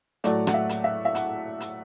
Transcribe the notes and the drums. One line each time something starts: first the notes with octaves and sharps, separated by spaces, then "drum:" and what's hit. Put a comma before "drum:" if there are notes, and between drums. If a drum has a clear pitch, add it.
A2 F#3 A3 D5, drum: hi-hat
F#5, drum: rim click
E5
drum: hi-hat
E5
E5
F#5, drum: hi-hat
drum: hi-hat